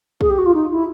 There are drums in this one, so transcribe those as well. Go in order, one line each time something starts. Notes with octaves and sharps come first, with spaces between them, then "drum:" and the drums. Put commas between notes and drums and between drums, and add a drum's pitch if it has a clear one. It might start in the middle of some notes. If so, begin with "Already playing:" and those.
G#4, drum: kick
G4
F#4
F4
D#4
E4